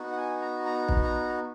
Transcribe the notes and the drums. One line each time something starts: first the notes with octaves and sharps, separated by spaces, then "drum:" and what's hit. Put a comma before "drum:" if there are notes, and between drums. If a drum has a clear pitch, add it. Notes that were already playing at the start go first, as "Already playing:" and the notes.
Already playing: B3 D#4 F#4
F#5
G#5
A#5
A#5
drum: kick
A#5